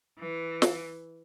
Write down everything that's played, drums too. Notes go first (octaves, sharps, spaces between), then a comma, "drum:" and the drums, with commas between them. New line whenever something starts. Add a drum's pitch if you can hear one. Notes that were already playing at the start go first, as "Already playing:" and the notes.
E3
drum: snare